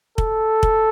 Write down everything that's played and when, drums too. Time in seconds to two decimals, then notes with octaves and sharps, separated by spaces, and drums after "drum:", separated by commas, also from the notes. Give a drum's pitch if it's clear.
0.18 A4, drum: kick
0.63 drum: kick